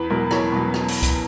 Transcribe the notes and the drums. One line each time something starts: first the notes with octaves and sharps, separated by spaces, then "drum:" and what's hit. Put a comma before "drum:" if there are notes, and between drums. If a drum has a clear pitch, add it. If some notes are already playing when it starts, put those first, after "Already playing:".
Already playing: E2 B4
B2 F#3 A#4
E2 C#5, drum: rim click
B2 F#3
drum: rim click
drum: open hi-hat
drum: kick C#2, hi-hat